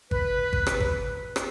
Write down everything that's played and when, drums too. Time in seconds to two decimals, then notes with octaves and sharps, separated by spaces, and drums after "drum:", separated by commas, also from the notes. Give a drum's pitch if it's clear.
0.11 B4, drum: kick G#1
0.53 drum: kick G#1
0.67 drum: rim click
0.80 drum: kick G#1
1.36 drum: rim click